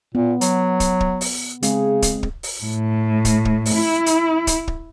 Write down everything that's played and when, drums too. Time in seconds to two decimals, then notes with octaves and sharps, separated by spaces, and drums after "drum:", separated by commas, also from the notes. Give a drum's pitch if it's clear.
0.15 A#2 B3
0.41 F#3, drum: hi-hat
0.80 drum: kick, hi-hat
1.00 drum: kick
1.21 drum: open hi-hat
1.63 C#3 G#3 C4 G#4, drum: hi-hat
2.02 drum: kick, hi-hat
2.23 drum: kick
2.43 drum: open hi-hat
2.64 A2
3.25 drum: kick, hi-hat
3.45 drum: kick
3.66 drum: open hi-hat
3.75 E4
4.06 drum: hi-hat
4.47 drum: kick, hi-hat
4.68 drum: kick